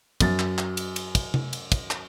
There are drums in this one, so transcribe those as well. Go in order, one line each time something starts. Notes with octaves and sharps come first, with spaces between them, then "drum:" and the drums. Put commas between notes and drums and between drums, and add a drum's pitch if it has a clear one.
F#2 A6, drum: kick, cymbal
drum: clap
drum: clap
drum: cymbal
drum: cymbal
drum: kick, cymbal
drum: tom C3
drum: cymbal
drum: kick, cymbal
drum: clap